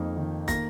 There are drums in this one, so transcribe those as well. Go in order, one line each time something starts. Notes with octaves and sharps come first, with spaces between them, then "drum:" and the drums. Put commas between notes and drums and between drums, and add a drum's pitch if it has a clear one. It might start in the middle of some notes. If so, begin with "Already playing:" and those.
Already playing: F2 A#3 D#4
D#3
A#3 A#6, drum: kick, hi-hat